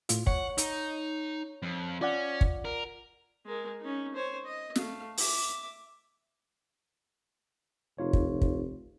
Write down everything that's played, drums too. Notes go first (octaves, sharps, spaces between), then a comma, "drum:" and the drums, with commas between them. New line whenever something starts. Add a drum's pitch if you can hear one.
A2 F4, drum: hi-hat
C#5 F#5, drum: kick
D#4, drum: hi-hat
F2
C#4 F4 D5 F#5
drum: kick
A#4
G#3 A#4
C#4 D#4
C5 C#5
D#5
A3 F5, drum: snare
E5 D6, drum: open hi-hat
F1 D#4 F4 C#5
drum: kick
drum: kick